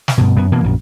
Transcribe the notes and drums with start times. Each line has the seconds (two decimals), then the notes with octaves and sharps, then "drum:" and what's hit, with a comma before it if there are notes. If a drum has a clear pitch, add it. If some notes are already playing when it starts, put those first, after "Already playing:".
0.08 drum: snare
0.18 G2 B2
0.37 F#2 B3
0.52 B2 E3 A#3
0.64 A#1 F#2